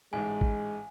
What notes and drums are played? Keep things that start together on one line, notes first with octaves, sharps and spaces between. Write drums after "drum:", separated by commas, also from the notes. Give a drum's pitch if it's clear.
A1 G#2 G#3 G#5
drum: kick A1